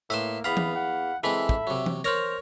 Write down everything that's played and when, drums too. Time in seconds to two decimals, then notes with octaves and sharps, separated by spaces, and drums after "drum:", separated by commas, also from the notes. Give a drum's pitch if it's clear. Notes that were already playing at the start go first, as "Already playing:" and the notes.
0.10 A2 A#3 B4 E5 C6 E6
0.44 E2 B3 F5 A#5 B5
0.57 drum: tom E3
0.75 F#5
1.24 E3 G#3 C4 A4 E5 B5
1.49 drum: kick
1.67 C3 F#3
1.86 drum: tom E3
2.04 A#4 C5 C#5 F6 A#6